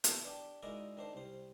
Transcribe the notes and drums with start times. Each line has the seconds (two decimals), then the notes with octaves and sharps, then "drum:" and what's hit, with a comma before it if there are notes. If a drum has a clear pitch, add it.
0.04 B2 E3 F#4 A4 A#4, drum: hi-hat
0.25 D4 G4
0.63 G#3 D#4 E4 F#4 A#4 D5
0.97 D#3 D4 C5
1.13 C2 C5